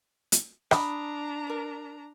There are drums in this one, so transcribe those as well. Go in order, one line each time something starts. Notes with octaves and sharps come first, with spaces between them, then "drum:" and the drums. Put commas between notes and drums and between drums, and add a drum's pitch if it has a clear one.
drum: hi-hat
D4 A#5 B5 D#6, drum: rim click
A#4 D5